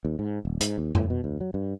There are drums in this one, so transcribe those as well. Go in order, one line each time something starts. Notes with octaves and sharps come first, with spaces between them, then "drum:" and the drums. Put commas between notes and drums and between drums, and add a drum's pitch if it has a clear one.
D#2
G#2
D#1
G#2, drum: hi-hat
D#2
A2, drum: tom F2
B2
D2
F#3
G2